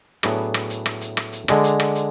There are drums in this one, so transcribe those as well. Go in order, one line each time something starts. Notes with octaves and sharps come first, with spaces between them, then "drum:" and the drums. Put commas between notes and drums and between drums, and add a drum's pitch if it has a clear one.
A2 F#3 B3 D4 G#4, drum: rim click
drum: rim click
drum: hi-hat
drum: rim click
drum: hi-hat
drum: rim click
drum: hi-hat
D3 G#3 D4, drum: rim click
drum: hi-hat
drum: rim click
drum: hi-hat